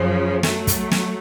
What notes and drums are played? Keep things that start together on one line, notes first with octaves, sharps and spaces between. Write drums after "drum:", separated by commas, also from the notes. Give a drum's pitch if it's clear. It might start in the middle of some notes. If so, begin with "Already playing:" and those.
Already playing: F#2 C#3 F3
F#3 A3, drum: snare
drum: kick, hi-hat
drum: snare